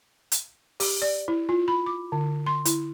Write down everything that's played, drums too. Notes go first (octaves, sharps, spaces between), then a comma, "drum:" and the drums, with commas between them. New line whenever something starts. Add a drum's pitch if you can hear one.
drum: hi-hat
G4, drum: open hi-hat
D5
E4
F4
B5
D6
D3
C6
E4, drum: hi-hat